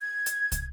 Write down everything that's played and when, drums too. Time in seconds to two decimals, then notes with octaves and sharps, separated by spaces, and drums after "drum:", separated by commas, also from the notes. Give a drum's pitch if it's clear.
0.01 G#6
0.26 drum: hi-hat
0.52 drum: kick, hi-hat